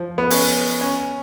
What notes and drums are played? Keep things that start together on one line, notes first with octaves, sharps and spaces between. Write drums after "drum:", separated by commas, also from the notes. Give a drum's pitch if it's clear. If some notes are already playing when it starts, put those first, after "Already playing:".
Already playing: F3
B3
C#4, drum: open hi-hat
C#4